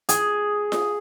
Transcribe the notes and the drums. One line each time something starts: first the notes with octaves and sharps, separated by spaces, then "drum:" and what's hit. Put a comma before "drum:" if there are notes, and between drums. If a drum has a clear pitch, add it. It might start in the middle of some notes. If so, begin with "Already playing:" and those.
G#4, drum: hi-hat
drum: snare F4